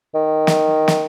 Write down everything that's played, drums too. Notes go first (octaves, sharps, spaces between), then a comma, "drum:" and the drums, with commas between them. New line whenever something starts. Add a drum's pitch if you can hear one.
D#3
drum: snare
drum: snare